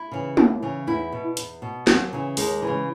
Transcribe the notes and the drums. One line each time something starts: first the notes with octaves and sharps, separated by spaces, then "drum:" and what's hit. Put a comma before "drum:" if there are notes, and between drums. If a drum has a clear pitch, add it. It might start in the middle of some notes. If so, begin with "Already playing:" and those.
Already playing: E4
C#3 E3
D#2, drum: tom
C#3 E3
E2 E4
B2
E2, drum: hi-hat
B2
D#2 F#3, drum: snare
C#3 E3
D#2 G#3, drum: open hi-hat
C#3 E3